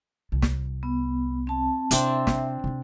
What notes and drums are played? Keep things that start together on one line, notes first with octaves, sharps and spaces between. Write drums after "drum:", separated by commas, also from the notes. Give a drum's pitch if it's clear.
C2
drum: snare
B3
C4 A5
C3 C4 D4 E4 E5, drum: hi-hat
drum: snare
C3 D4